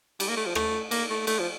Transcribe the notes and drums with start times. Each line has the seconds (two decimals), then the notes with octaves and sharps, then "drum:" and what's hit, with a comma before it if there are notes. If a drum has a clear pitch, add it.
0.20 G3, drum: cymbal
0.29 A#3
0.37 A3
0.46 F3
0.55 A3, drum: rim click
0.91 A#3, drum: cymbal
1.10 A3
1.27 A3, drum: cymbal
1.39 F3